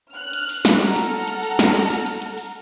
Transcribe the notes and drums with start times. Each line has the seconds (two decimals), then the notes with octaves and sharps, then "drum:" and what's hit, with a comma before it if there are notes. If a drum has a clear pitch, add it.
0.12 F6 F#6
0.33 drum: hi-hat
0.49 drum: open hi-hat
0.65 drum: snare
0.81 A4 F#5 A#5 F6, drum: hi-hat
0.96 drum: open hi-hat
1.28 drum: hi-hat
1.43 drum: open hi-hat
1.59 drum: snare
1.75 drum: hi-hat
1.90 drum: open hi-hat
2.06 drum: hi-hat
2.22 drum: hi-hat
2.38 drum: open hi-hat